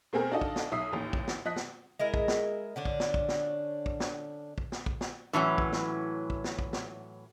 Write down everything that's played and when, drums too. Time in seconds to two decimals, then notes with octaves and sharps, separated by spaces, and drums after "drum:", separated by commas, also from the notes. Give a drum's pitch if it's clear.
0.13 B2 A3 C4 G#4 A#4
0.32 D4 D#4 F4 F#4 A4 D#5
0.41 drum: kick
0.56 drum: snare
0.72 B1 E5 D#6 C7
0.92 A1 D#2
1.13 drum: kick
1.28 drum: snare
1.45 F3 D#5 F#6 B6
1.56 drum: snare
1.99 G#3 E4 A#4
2.14 drum: kick
2.28 drum: snare
2.76 D3 C#4 D4
2.85 drum: kick
3.00 drum: snare
3.14 drum: kick
3.28 drum: snare
3.86 drum: kick
4.00 drum: snare
4.58 drum: kick
4.72 drum: snare
4.86 drum: kick
5.01 drum: snare
5.33 A2 E3 F#3 C#4
5.58 drum: kick
5.72 drum: snare
6.30 drum: kick
6.44 drum: snare
6.59 drum: kick
6.73 drum: snare